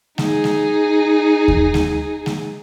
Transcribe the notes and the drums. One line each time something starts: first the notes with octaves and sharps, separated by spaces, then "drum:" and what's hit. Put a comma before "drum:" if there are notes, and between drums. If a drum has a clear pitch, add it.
D#4 G#4, drum: snare G#3
drum: snare G#3
drum: kick D#2
drum: snare G#3
drum: snare G#3